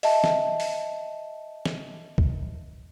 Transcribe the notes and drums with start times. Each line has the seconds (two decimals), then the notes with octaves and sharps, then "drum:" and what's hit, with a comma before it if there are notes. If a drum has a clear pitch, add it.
0.03 D#5 E5 A5, drum: open hi-hat
0.24 drum: snare
0.60 drum: open hi-hat
1.66 drum: snare
2.18 drum: kick